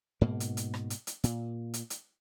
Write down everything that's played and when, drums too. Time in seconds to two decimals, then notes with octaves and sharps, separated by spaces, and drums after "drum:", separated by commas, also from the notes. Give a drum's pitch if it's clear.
0.21 G#2 B2 A#3
0.40 drum: hi-hat
0.57 drum: hi-hat
0.74 drum: rim click
0.90 drum: hi-hat
1.07 drum: hi-hat
1.24 A#2, drum: hi-hat
1.74 drum: hi-hat
1.90 drum: hi-hat